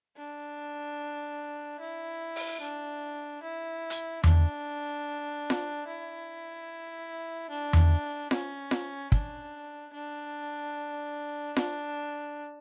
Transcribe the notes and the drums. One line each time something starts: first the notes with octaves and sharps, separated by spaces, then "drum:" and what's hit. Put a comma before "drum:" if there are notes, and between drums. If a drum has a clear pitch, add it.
D4
E4
drum: open hi-hat
D4
E4
drum: hi-hat
D4, drum: tom E2
drum: snare F4
E4
D4
drum: tom E2
C#4, drum: snare F4
drum: snare F4
D4, drum: kick
D4
D4, drum: snare F4